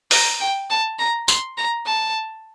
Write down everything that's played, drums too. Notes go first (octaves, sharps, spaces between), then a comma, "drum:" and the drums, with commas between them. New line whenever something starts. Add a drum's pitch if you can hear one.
A#5, drum: open hi-hat
G5
A5
A#5
C6, drum: tambourine
A#5
A5